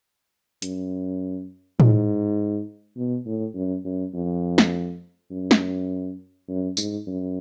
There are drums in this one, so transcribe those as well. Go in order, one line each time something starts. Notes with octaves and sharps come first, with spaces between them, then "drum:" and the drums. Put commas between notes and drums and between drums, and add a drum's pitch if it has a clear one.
F#2, drum: hi-hat
G#2, drum: tom A2
B2
A2
F#2
F#2
F2
drum: snare
F#2
drum: snare
F#2
G#2, drum: tambourine
F#2